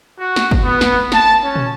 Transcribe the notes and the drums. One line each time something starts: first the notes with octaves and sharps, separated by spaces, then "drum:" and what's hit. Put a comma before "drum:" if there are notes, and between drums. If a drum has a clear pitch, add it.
F#4
drum: snare
drum: kick
B3
drum: snare
A5, drum: snare
C#4
drum: tom